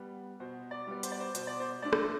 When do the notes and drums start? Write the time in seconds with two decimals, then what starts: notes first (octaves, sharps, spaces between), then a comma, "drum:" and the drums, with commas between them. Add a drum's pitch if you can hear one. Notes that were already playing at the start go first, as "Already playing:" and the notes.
Already playing: G3 B3
0.40 B2 C5
0.71 D5
0.87 G3 B3
1.03 C5, drum: hi-hat
1.12 D5
1.20 C5
1.35 B2 C5, drum: hi-hat
1.47 D5
1.60 C5
1.82 A3 D4 D5
1.93 drum: rim click